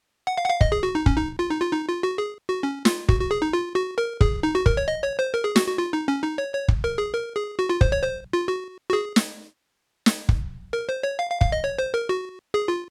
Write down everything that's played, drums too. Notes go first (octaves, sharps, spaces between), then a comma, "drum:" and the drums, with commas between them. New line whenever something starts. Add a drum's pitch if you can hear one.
F#5
F5
F#5
F5
D#5, drum: kick
G#4
F#4
D#4
C#4, drum: kick
D#4
F4
D#4
F4
D#4
F4
F#4
G#4
F#4
C#4
F4, drum: snare
F#4, drum: kick
F#4
G#4
D#4
F4
F#4
A#4
G#4, drum: kick
D#4
F#4
A#4, drum: kick
C#5
D#5
C#5
C5
A#4
G#4
F#4, drum: snare
F#4
F4
D#4
C#4
D#4
C#5
C#5
drum: kick
A#4
G#4
A#4
G#4
F#4
F4
C5, drum: kick
C#5
C5
F4
F#4
F#4
G#4
drum: snare
drum: snare
drum: kick
A#4
C5
C#5
F5
F5
F5, drum: kick
D#5
C#5
C5
A#4
F#4
G#4
F4